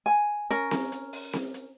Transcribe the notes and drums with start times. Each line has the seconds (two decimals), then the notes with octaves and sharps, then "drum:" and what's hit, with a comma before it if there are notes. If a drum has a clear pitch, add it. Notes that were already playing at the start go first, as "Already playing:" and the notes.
0.06 G#5
0.51 C#4 A#4, drum: hi-hat
0.71 drum: snare C4
0.92 drum: hi-hat
1.13 drum: open hi-hat
1.33 drum: snare C4
1.54 drum: hi-hat